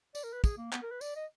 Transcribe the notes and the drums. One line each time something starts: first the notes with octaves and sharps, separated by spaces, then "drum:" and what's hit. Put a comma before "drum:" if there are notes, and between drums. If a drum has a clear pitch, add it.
D5, drum: tambourine
A#4
B4
G#4, drum: kick, tambourine
A#3
B3, drum: clap
A#4
B4
D5, drum: tambourine
D#5